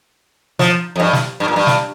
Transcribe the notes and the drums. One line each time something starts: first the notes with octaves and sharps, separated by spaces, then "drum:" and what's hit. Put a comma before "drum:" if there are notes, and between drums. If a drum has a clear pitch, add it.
F3, drum: snare
F2
G2
drum: snare
G2
A#2
G2
drum: snare